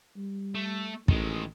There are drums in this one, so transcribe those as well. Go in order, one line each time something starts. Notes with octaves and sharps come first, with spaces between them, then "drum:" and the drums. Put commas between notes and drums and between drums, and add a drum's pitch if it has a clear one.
G3
A3
A1 D#3 G#3, drum: kick